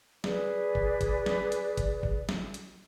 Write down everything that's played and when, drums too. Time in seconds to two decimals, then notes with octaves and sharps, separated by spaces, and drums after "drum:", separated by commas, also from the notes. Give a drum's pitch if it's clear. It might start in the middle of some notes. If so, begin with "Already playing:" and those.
0.24 G#4 B4 D5, drum: snare
0.75 drum: kick
1.01 drum: kick, hi-hat
1.26 drum: snare
1.52 drum: hi-hat
1.77 drum: kick, hi-hat
2.03 drum: kick
2.29 drum: snare
2.54 drum: hi-hat